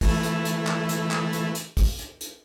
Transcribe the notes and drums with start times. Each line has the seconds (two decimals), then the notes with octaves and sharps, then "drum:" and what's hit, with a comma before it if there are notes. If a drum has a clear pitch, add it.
0.01 E3 A3 E4, drum: kick, open hi-hat
0.23 drum: hi-hat
0.45 drum: hi-hat
0.67 drum: clap
0.89 drum: hi-hat
1.11 drum: clap
1.33 drum: hi-hat
1.55 drum: hi-hat
1.77 drum: kick, open hi-hat
1.99 drum: hi-hat
2.21 drum: hi-hat